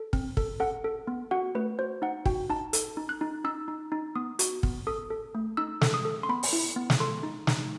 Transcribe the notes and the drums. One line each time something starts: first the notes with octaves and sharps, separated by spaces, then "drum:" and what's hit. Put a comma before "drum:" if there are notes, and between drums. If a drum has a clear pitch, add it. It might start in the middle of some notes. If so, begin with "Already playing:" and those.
Already playing: A4
C4, drum: kick
A4, drum: kick
A4 F#5
A4
B3
F#4 F#5
A3 B4
F#4 C5
D#4 F#5
F#4 G5, drum: kick
D#4 A5
A4, drum: hi-hat
D#4
F#6
D#4
D#4 E6
D#4
D#4
B3 D#6
F#4, drum: hi-hat
B3, drum: kick
A4 D#6
A4
A3
D#4 E6
A4, drum: snare
D#6
A4
C6
B3 B5
drum: open hi-hat
E4
B3
drum: snare
A4 C6
D#4
D#4, drum: snare